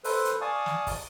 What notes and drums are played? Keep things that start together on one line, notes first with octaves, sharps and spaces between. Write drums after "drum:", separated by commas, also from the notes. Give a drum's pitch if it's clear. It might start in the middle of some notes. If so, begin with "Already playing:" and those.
A4 B4 C5, drum: open hi-hat
drum: hi-hat
D5 F5 G#5 A5 C#6 D#6
drum: snare
drum: kick, open hi-hat